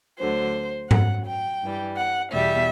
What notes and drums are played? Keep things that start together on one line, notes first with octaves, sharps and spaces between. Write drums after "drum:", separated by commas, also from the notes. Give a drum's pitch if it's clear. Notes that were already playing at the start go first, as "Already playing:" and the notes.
D2 D3 F#3 C5
F#2 F#3 F#5, drum: tom G#2
G5
G2 E3 G3
F#5
E2 B2 G3 E5